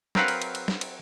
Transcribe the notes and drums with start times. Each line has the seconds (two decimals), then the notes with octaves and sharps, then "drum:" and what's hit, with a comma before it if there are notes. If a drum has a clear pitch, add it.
0.15 F#3 C4 A#4 B4 F5 F#5, drum: snare
0.28 drum: cymbal
0.42 drum: cymbal
0.55 drum: cymbal
0.68 drum: snare
0.81 drum: cymbal